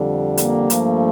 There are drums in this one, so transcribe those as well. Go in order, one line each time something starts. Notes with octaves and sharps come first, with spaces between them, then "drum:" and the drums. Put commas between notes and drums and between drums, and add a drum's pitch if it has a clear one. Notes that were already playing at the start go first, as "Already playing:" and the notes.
Already playing: F2 D3 G3
A#3, drum: hi-hat
G2 F3 A3, drum: hi-hat